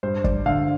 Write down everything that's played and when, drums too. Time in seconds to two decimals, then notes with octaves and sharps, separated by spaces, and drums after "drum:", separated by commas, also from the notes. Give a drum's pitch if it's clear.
0.03 G2 C5
0.24 G2 D5, drum: kick
0.46 D3 F5